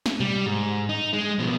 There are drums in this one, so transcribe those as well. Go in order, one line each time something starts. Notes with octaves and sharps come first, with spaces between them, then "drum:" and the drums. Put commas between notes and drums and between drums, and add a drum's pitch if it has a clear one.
drum: snare
G3, drum: tom B2
G#2
D#4
G#3
B2 F3